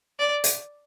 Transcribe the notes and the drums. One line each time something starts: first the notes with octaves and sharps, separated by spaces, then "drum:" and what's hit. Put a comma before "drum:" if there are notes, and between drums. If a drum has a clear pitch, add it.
D5
drum: hi-hat